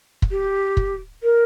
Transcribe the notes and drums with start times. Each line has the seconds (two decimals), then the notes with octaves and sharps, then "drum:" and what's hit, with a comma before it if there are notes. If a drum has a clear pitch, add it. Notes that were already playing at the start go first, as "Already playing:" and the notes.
0.22 drum: kick
0.31 G4
0.77 drum: kick
1.23 A#4